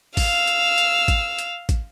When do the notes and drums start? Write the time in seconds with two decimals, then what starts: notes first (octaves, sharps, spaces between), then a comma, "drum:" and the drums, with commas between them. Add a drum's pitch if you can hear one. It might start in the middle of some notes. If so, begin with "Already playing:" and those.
0.17 F5 E6, drum: kick, open hi-hat
0.47 drum: hi-hat
0.78 drum: hi-hat
1.08 drum: kick, hi-hat
1.39 drum: hi-hat
1.69 drum: kick, hi-hat